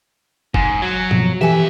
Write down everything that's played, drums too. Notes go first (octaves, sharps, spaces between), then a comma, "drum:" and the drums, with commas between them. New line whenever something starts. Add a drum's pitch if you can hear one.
G#2, drum: kick F1
F#3
B2 F3, drum: tom G2
F2 E3 G4 E5 G#5